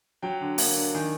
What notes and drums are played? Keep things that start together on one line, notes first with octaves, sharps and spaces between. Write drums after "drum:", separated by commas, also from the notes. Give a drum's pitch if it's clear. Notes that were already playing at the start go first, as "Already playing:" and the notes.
F#3 G5
D3
A#3, drum: open hi-hat
D4
D#3 G#5